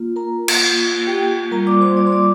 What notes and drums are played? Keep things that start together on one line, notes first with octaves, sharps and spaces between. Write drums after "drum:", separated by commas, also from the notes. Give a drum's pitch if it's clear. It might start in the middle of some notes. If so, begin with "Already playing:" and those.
Already playing: A#3 F4
A#4 A#5
drum: cymbal
A#3 F4
G4 G5
G3 A#3 F4 A#4 A#5
D5 D6
C5 C6
D5 D6
C6
D5 D6